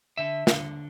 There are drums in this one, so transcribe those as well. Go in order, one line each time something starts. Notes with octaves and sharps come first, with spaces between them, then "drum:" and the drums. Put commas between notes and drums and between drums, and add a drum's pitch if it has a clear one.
D3 E5
D3, drum: snare